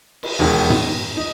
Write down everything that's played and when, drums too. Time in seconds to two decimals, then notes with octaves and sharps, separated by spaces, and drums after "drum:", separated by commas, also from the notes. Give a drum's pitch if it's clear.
0.23 drum: cymbal
0.39 E1 D#2 D#3 G#3
0.70 drum: tom
1.17 D#4